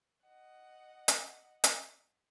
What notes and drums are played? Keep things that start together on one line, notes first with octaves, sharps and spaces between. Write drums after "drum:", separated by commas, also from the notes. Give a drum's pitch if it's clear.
D#5 F#5
drum: hi-hat
drum: hi-hat